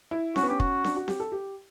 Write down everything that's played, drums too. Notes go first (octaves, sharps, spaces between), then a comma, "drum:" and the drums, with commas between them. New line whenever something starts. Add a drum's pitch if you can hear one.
E4
C#4 F#4, drum: snare C4
B3
C#4 G4
F#4, drum: kick
D4, drum: snare C4
F#4
G4, drum: snare C4
A4
G4